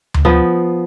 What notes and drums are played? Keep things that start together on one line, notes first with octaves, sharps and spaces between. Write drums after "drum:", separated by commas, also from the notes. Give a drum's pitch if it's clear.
drum: tom D2
F3 B3